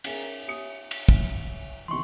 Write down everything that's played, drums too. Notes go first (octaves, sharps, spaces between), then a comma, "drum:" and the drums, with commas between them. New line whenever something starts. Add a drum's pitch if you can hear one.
C#4 G#4 A#4 C#5 E5 G#5, drum: cymbal
G4 D#6 C#7
drum: cymbal
drum: kick
C3 D#3 E3 C6 C#6